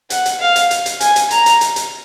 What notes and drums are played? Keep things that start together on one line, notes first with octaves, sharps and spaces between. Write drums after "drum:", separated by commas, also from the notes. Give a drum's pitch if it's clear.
F#5, drum: hi-hat
drum: hi-hat
F5
drum: hi-hat
drum: hi-hat
drum: hi-hat
G#5, drum: hi-hat
drum: hi-hat
A#5, drum: hi-hat
drum: hi-hat
drum: hi-hat
drum: hi-hat